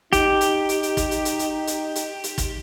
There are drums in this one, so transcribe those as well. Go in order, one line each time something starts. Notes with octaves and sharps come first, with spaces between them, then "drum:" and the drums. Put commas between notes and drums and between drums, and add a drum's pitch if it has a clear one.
D#4 G4, drum: kick, hi-hat
drum: hi-hat
drum: hi-hat
drum: hi-hat
drum: kick, hi-hat
drum: hi-hat
drum: hi-hat
drum: hi-hat
drum: hi-hat
drum: hi-hat
drum: hi-hat
drum: kick, hi-hat